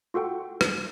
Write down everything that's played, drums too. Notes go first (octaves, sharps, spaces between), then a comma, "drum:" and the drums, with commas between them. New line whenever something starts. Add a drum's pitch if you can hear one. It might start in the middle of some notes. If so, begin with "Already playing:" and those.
F4 F#4 A4 F#5 G5
drum: rim click